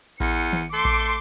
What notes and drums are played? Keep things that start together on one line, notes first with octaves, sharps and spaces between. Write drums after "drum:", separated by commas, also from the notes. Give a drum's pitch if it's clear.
E2 C#7, drum: kick A1
drum: tom D#3
A3 C6 D6
drum: kick A1